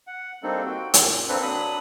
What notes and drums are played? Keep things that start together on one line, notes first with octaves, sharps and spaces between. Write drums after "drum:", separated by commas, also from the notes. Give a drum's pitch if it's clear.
F#5
G3 A#3 C4 D4 D#4 A4
F#4 G5
F#2 A#2, drum: hi-hat
A#3 C4 D4 A4 B4
F#3 D4 B5 D#6